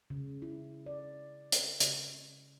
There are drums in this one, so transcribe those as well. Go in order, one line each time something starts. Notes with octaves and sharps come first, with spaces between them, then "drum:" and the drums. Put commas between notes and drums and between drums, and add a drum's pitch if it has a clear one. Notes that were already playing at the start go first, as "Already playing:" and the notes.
C#3
E4
D5
drum: hi-hat
C#3, drum: hi-hat